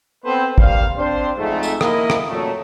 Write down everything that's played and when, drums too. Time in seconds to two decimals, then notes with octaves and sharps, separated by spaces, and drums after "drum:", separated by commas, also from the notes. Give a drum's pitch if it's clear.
0.25 B3 C4 A4 B4 C5
0.58 G2 G3 A#3 C5 F5, drum: kick
0.97 C4 D4 G4 C5
1.37 F2 G#2 G#3 A3
1.63 drum: tambourine
1.81 A#3 E4 D#5, drum: rim click
2.10 drum: rim click
2.29 F2 A#2 F#3 A3